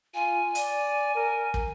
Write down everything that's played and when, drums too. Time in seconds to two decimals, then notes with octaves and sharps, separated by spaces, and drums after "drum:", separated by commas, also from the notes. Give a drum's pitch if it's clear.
0.14 F4 G#5
0.55 D5, drum: hi-hat
1.15 A#4
1.54 drum: kick